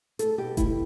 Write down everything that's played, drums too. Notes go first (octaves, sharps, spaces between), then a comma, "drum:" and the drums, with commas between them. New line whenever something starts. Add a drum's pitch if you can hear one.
A3 A4, drum: hi-hat
B2 G4
A3 E4, drum: kick F1, hi-hat